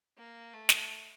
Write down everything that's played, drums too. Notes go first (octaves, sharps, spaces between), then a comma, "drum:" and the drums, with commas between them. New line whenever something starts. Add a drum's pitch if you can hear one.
A#3
A3
drum: snare